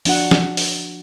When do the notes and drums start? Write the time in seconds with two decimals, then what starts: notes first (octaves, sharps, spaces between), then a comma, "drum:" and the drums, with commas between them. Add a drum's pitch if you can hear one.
0.05 F3 D4 F#4 F#5, drum: open hi-hat
0.31 drum: snare
0.57 drum: open hi-hat